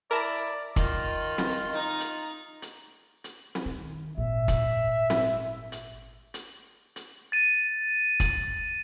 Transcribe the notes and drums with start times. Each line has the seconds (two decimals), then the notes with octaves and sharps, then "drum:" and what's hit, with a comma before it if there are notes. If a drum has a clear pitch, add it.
0.11 E4 A#4 D5 A5 A#5
0.76 D#3 F4, drum: kick, hi-hat
1.38 drum: snare C4
1.73 D#4
2.00 drum: hi-hat
2.62 drum: hi-hat
3.24 drum: hi-hat
3.55 drum: snare C4
3.66 D#3
4.18 G#1 A#2 E5
4.48 drum: kick, hi-hat
5.10 drum: snare C4
5.72 drum: hi-hat
6.34 drum: hi-hat
6.96 drum: hi-hat
7.32 A6 D#7
8.20 drum: kick, hi-hat